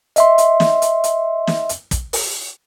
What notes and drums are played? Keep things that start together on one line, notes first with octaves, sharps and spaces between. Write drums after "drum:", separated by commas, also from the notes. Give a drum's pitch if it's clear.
D#5 E5 C6, drum: hi-hat
drum: hi-hat
drum: snare
drum: hi-hat
drum: hi-hat
drum: snare
drum: hi-hat
drum: kick, hi-hat
drum: open hi-hat